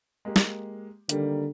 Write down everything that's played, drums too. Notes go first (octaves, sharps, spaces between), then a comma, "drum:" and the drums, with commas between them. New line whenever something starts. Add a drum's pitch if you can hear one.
G#3 A#3 G4
drum: snare
D3 D#3 G3 A#3, drum: hi-hat